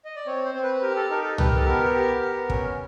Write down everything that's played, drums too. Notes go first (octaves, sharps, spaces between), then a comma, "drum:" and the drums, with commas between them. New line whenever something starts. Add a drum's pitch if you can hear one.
D#5
D5
C4 C#5
C5
C4
B4
B4
G4 A#4
A4
D#4 A#4
A4
G4 B4, drum: tom
A#4
A4
B3 A#4
G4
B3
C#4, drum: kick